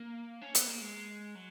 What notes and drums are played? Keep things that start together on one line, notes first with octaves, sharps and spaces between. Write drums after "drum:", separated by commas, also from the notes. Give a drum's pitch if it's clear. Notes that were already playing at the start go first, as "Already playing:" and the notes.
Already playing: A#3
C#4
B3, drum: hi-hat
A#3
G#3
F#3